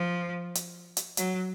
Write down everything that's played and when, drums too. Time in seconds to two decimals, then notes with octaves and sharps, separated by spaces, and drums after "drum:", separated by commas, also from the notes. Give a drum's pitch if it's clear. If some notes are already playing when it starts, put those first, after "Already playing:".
Already playing: F3
0.55 drum: hi-hat
0.97 drum: hi-hat
1.17 F#3, drum: hi-hat